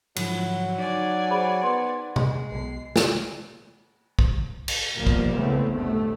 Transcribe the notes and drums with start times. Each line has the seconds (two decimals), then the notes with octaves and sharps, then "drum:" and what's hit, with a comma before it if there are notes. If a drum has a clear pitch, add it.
0.16 G#2 D3 F3 F#3 E4, drum: cymbal
0.78 D#4 D5 G#5 D6
1.30 G#4 C5 B5
1.64 B3 C6
2.16 G#3, drum: tom B2
2.51 B1 B2 C7
2.96 drum: snare
4.19 drum: kick
4.68 drum: cymbal
4.94 A#1 D#2 B2 F3 G3 A#3
5.07 drum: kick
5.36 C#3 E3 G#3 A3 B3 C4
5.70 G1 D2 A2 A3